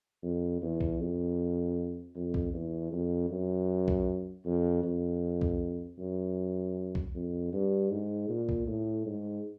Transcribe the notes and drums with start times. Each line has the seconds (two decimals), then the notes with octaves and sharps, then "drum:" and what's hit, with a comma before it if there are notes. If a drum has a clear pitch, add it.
0.22 F2
0.62 E2
0.81 drum: kick B1
1.00 F2
2.15 F2
2.34 drum: kick B1
2.53 E2
2.92 F2
3.30 F#2
3.88 drum: kick B1
4.45 F2
4.83 F2
5.41 drum: kick B1
5.98 F#2
6.95 drum: kick B1
7.14 F2
7.53 G2
7.91 G#2
8.29 A#2
8.49 drum: kick B1
8.67 A2
9.06 G#2